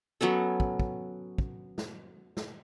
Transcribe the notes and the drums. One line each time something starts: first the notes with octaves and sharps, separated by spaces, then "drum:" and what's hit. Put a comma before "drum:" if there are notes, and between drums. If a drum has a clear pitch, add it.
F#3 B3 C#4 A4
drum: kick
drum: kick
drum: kick
drum: snare
drum: snare